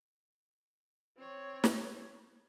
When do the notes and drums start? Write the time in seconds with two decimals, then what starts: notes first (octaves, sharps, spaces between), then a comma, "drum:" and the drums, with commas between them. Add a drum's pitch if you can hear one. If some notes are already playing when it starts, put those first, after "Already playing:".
1.17 C4 C#5
1.64 drum: snare